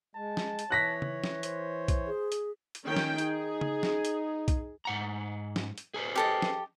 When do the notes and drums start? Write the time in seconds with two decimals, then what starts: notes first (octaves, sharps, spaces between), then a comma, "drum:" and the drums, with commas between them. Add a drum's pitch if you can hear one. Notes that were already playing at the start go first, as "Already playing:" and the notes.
0.15 G#3 A5
0.37 drum: snare
0.59 drum: hi-hat
0.70 E3 C#5 F#6 A#6 B6
1.02 drum: tom C#3
1.24 drum: snare
1.43 C5, drum: hi-hat
1.88 drum: kick B1, hi-hat
2.07 G#4
2.32 drum: hi-hat
2.75 drum: hi-hat
2.86 D#3 C#4 G5
2.97 drum: snare
3.18 D#4 G#4, drum: hi-hat
3.61 drum: tom C#3
3.83 drum: snare
4.05 drum: hi-hat
4.48 drum: kick B1, hi-hat
4.85 G#2 F#5 A#5
5.56 drum: snare
5.78 drum: hi-hat
5.94 G#4 B4 C5
6.16 G4 A4 D#5
6.42 drum: snare